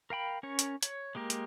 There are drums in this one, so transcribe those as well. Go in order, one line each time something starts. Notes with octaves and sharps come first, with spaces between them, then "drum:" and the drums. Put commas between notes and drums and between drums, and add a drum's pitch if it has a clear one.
A#4 F5 G5 B5
C#4 A#4 C#5
drum: hi-hat
C#5, drum: hi-hat
G#3 A#3 G4 A#4
drum: hi-hat